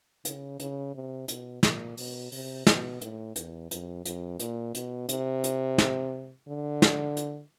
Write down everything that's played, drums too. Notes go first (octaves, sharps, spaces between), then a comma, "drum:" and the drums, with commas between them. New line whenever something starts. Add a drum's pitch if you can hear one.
C#3, drum: hi-hat
C#3, drum: hi-hat
C3
B2, drum: hi-hat
A#2, drum: snare
B2, drum: open hi-hat
C3, drum: open hi-hat
B2, drum: snare
A2, drum: hi-hat
E2, drum: hi-hat
F2, drum: hi-hat
F2, drum: hi-hat
A#2, drum: hi-hat
B2, drum: hi-hat
C3, drum: hi-hat
drum: hi-hat
drum: snare
D3
drum: snare
drum: hi-hat